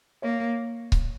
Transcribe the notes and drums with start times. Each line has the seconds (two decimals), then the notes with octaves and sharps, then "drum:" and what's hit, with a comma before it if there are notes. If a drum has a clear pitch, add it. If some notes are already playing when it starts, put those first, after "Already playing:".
0.22 A#3 C#5
0.92 drum: kick C#1